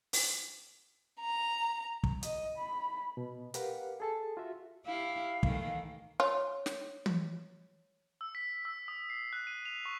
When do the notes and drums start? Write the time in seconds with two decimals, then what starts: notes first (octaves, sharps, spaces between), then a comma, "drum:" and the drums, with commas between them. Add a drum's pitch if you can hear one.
0.13 drum: open hi-hat
1.20 A#5
2.03 drum: kick
2.23 D#5, drum: hi-hat
2.58 B5
3.17 B2
3.54 G4 A#4 B4 F5 F#5, drum: hi-hat
4.00 G#4 A4 A5
4.37 F4 F#4 E5
4.86 E4 G4 F5
5.43 D#3 E3 A3, drum: kick
6.20 F4 C#5
6.66 drum: snare
7.06 drum: tom
8.21 E6
8.35 B6
8.65 E6
8.88 D#6
9.10 C7
9.33 F#6
9.47 D#7
9.65 F7
9.85 C#6